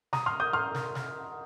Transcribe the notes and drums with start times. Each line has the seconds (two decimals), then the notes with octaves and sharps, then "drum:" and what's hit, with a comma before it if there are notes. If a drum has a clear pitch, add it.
0.13 A#5 D#6, drum: snare
0.26 C6 F6
0.40 D#6 G6
0.53 C6 F6
0.74 drum: snare
0.95 drum: snare